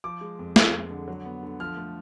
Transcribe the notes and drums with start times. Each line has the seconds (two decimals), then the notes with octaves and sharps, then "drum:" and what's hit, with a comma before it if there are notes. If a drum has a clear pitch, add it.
0.04 F3 D6
0.21 G#3
0.39 F2
0.56 G#3, drum: snare
0.73 F2
0.91 D3
1.08 F#3
1.25 B3
1.43 D3
1.60 F3 F6
1.77 A3